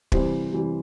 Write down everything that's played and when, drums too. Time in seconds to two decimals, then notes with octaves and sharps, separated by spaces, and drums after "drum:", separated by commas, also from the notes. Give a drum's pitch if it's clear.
0.12 C3 E3 G3 C5, drum: kick
0.52 C3 E3 G3